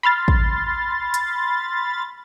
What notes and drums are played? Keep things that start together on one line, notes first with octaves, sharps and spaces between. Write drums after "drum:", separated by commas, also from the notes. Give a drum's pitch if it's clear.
B5 C6 F6 A6
drum: kick
drum: hi-hat